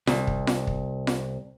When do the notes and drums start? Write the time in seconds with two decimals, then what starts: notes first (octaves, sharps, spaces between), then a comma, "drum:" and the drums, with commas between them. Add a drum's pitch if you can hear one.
0.07 C2, drum: snare F4
0.27 drum: kick
0.47 drum: snare F4
0.67 drum: kick
1.07 drum: snare F4